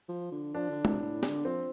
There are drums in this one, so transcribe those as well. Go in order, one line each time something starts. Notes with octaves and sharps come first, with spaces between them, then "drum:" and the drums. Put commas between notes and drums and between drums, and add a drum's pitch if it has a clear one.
F3
D3
F3 D4
D3
C3, drum: tom
A2
D3, drum: snare
F3 C4